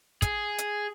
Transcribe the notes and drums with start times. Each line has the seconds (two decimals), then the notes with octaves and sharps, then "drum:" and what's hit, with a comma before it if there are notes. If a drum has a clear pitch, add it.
0.22 G#4, drum: kick, hi-hat
0.58 drum: hi-hat